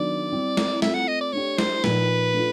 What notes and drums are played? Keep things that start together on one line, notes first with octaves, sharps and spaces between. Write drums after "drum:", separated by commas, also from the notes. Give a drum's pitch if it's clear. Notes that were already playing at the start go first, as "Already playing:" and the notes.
Already playing: D#3 F#3 B3 D4 F#4 D5
G3 C4 E4
drum: snare
A3 C4 F4 E5, drum: snare
F#5
D#5
D5
A3 D4 G4 C#5
C5, drum: snare
A#2 F3 A#3 D#4 B4, drum: snare
A3 D4 F4